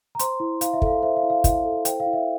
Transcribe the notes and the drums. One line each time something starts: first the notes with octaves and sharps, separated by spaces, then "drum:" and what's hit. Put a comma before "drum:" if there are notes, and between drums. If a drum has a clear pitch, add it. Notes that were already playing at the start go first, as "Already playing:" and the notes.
A#5
C5 C6, drum: hi-hat
E4
E4 F5, drum: hi-hat
E5
A4 F5, drum: kick
C5 E5
F5
E4
F5
E4 F5, drum: kick, hi-hat
A4
C5 G5, drum: hi-hat
F5
E4
E5